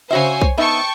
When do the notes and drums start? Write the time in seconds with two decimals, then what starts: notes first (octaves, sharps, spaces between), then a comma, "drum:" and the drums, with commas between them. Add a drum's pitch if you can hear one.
0.11 C#3 F#4 C5 C#5 E5 G#5
0.41 drum: kick B1
0.57 B3 D#4 E5 G5 A5 C#6